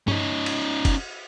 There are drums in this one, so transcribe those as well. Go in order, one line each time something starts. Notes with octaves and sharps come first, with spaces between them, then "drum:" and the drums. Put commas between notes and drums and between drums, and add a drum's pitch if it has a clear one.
C#4 D#4, drum: tom G2
drum: cymbal
drum: kick, cymbal